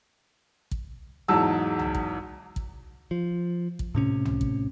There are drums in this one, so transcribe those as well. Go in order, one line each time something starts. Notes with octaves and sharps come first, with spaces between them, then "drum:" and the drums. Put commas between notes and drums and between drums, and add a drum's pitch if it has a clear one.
drum: kick
E2 G#2 F#3 A5 E6
drum: tom C2
drum: kick
drum: kick
F3
drum: kick
A2 C3 C#4
drum: tom C2
drum: kick